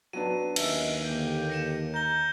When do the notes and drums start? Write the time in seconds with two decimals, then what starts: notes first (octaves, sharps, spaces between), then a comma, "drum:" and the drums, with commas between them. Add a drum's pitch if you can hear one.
0.13 F#3 B3 D4 D#7
0.56 D#2 C#4 D#5 E5, drum: cymbal
1.01 D3 A#3 G4
1.50 A#6 C#7 E7
1.94 A#5 G6 G7